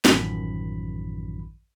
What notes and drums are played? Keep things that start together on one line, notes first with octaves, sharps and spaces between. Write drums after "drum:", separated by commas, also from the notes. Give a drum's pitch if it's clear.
A1 F#2 D#3 F3 B5, drum: snare